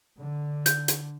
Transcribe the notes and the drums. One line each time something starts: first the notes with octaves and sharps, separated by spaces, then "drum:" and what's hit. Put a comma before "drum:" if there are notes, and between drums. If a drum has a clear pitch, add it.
D3
G6, drum: hi-hat
drum: hi-hat